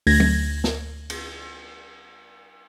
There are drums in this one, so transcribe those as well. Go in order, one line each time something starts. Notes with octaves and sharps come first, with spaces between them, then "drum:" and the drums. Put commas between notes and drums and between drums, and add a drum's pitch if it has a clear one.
D2 G#6 A#6, drum: open hi-hat
drum: tom F#3
drum: snare
drum: cymbal